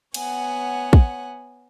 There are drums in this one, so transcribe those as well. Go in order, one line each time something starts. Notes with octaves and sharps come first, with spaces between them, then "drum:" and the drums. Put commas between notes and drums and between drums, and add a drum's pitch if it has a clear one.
B3 C#5 F#5 G#5, drum: cymbal
drum: kick